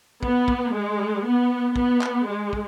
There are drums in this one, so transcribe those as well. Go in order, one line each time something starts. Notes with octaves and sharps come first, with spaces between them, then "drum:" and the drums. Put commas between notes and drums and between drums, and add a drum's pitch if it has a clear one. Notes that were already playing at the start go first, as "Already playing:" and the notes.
B3, drum: kick
drum: kick
G#3
B3
B3, drum: kick
drum: clap
G#3
drum: kick